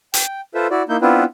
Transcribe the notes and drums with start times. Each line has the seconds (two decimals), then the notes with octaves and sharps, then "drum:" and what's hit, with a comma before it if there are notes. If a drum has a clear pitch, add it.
0.14 G5, drum: hi-hat
0.54 F4 A4 B4 C5 E5
0.70 E4 F#4 D5
0.89 A#3 D#4 E4 G6
1.02 B3 C4 D4 E4 F4 B4